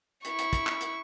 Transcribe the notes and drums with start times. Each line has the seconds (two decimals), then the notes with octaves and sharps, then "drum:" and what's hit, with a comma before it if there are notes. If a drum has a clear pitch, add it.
0.25 E4 C#6, drum: hi-hat
0.39 drum: hi-hat
0.53 drum: kick, hi-hat
0.67 drum: clap
0.81 drum: hi-hat